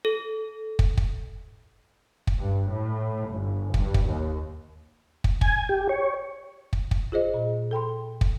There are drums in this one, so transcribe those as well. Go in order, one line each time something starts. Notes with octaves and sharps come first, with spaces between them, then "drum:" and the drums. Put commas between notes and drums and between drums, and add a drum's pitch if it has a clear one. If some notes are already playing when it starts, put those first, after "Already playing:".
A4
drum: kick
drum: kick
drum: kick
G2
A2
G1
G2, drum: kick
drum: kick
D#2
drum: kick
G#5, drum: kick
G4
C#5
drum: kick
drum: kick
F4 G#4 C5 D#5
A#2
A4 G5 B5 C6
drum: kick